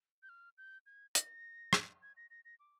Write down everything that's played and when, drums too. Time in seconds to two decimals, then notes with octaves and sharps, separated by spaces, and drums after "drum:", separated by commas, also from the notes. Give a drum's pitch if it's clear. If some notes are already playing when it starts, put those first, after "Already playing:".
0.23 G6
0.29 F6
0.58 G6
0.86 G#6
1.15 A#6, drum: hi-hat
1.73 drum: rim click
2.02 G#6
2.17 A#6
2.30 A#6
2.45 A#6
2.60 D6